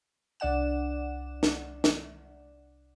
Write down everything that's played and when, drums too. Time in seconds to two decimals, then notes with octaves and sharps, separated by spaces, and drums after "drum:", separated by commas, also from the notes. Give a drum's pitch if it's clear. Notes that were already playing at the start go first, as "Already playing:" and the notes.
0.40 C2 D4 D5 F#5 E7
1.43 drum: snare
1.84 drum: snare